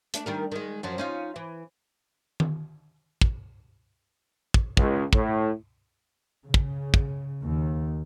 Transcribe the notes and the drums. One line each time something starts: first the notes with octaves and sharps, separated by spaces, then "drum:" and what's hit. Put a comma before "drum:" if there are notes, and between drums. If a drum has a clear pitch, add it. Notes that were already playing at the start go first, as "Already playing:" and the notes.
A3 D4, drum: hi-hat
D#3 G3 A#4
D#3 G#3
F#2 F3 F#3
C#4 D#4 F4
E3
drum: tom D#3
drum: kick
drum: kick
C#2, drum: kick
A2, drum: kick
C#3
drum: kick
drum: kick
D#2